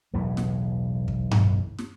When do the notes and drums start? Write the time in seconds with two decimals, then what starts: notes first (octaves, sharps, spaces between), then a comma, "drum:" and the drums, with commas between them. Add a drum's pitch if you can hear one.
0.14 E1 B1 A2 E3
0.37 drum: snare
1.08 drum: kick
1.31 drum: tom G2
1.79 drum: snare